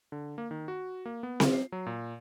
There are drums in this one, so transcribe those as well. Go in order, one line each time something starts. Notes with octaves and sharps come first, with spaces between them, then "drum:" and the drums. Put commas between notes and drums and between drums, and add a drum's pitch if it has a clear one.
D3
A#3
D#3
F#4
A#3
B3
F4, drum: snare C4
C7
F#3
A#2